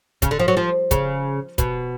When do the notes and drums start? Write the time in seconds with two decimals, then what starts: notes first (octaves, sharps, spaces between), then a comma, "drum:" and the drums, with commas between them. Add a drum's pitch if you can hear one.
0.22 C#3, drum: kick, hi-hat
0.31 D3
0.39 F3
0.48 F#3
0.57 F3
0.91 C#3, drum: kick, hi-hat
1.58 B2, drum: kick, hi-hat